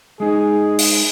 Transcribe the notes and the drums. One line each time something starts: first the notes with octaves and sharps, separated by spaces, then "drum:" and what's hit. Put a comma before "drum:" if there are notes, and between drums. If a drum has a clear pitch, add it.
G#3 D#4 G#4
drum: open hi-hat